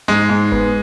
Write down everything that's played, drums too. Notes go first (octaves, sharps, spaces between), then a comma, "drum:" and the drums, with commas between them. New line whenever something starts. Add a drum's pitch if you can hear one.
G#2 G#3
G#2
B3, drum: kick